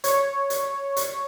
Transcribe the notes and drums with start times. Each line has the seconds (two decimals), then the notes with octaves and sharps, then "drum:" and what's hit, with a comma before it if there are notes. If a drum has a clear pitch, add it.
0.04 C#5, drum: hi-hat
0.50 drum: hi-hat
0.97 drum: hi-hat